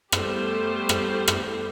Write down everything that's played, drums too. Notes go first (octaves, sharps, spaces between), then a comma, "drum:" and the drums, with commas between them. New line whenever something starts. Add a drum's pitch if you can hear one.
G3 A3 B3 G4 C5, drum: rim click
drum: rim click
drum: rim click